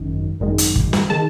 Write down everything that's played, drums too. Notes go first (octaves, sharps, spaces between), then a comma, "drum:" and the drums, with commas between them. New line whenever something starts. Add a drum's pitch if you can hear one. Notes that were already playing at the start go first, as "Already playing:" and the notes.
Already playing: G#1 F#2 D#3
G#1 F#2 D#3 G#3
drum: hi-hat
drum: kick
drum: snare
D#3 G#3 A5